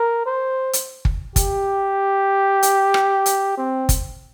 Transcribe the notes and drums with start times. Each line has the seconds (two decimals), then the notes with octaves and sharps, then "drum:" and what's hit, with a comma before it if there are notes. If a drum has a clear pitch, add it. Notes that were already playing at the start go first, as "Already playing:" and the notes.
Already playing: A#4
0.26 C5
0.73 drum: hi-hat
1.05 drum: kick
1.36 G4, drum: kick, hi-hat
2.63 drum: hi-hat
2.94 drum: rim click
3.26 drum: hi-hat
3.57 C4
3.89 drum: kick, hi-hat